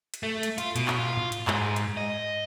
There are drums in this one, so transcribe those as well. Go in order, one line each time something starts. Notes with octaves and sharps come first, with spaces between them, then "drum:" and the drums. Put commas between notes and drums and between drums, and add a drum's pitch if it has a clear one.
drum: hi-hat
A3
drum: hi-hat
F4, drum: hi-hat
B2, drum: hi-hat
drum: clap
F4
drum: tom G#2
drum: hi-hat
G#2, drum: clap
drum: hi-hat
D#5